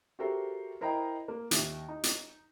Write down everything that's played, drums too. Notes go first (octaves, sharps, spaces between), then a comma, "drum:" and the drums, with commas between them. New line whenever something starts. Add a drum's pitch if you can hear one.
F#4 G4 A4 A#4 C5 E5
E4 A#4 C5 D#5 G5 A#5
A#3
D#2 E5, drum: hi-hat
D#4
drum: hi-hat